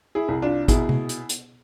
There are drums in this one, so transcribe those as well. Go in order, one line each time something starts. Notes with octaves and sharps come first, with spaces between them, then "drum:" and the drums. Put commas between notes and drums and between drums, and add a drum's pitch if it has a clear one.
E4 G#4
C2
D4 F4
B2 E4 G#4, drum: kick G#1, hi-hat
drum: tom C3
drum: hi-hat
drum: hi-hat